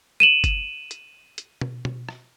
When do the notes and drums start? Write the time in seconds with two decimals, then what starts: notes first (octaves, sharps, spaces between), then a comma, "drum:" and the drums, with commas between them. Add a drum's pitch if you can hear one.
0.20 D#7 E7 F#7
0.44 drum: kick F#1, hi-hat
0.91 drum: hi-hat
1.38 drum: hi-hat
1.61 drum: tom B2
1.85 drum: tom B2
2.09 drum: rim click